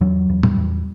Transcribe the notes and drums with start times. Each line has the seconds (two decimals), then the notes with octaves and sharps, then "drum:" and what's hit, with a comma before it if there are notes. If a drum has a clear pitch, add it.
0.01 E2 F#3
0.29 E2
0.43 G3, drum: tom
0.57 E2